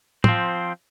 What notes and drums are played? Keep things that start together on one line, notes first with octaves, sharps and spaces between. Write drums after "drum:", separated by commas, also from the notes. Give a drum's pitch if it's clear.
F3 C4, drum: tom